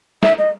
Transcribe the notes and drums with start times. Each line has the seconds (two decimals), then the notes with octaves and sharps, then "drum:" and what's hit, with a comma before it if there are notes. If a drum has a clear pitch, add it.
0.23 E5, drum: snare
0.38 D#5